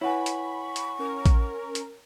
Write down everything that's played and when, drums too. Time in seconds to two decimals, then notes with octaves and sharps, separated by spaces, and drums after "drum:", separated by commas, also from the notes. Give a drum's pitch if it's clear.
0.01 E4 B4 C#5 F#5 G#5 B5 C#6
0.26 drum: hi-hat
0.76 drum: hi-hat
0.99 C#4 A#4
1.26 drum: kick, hi-hat
1.75 drum: hi-hat